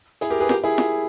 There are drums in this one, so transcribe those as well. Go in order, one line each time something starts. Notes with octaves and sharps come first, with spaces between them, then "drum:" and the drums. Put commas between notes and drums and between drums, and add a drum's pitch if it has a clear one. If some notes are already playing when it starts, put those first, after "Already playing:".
E4 G#4, drum: hi-hat
G4 A#4
G#4 B4
G4 A#4, drum: snare F4
E4 G#4
drum: snare F4